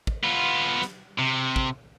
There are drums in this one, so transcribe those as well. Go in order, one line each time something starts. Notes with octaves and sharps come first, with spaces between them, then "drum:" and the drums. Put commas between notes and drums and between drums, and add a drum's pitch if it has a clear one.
drum: kick
B3 F4
drum: snare
C3
drum: kick